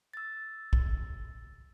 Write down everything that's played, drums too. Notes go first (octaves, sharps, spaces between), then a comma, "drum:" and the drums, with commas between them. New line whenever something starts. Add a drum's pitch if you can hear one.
E6 A6
drum: kick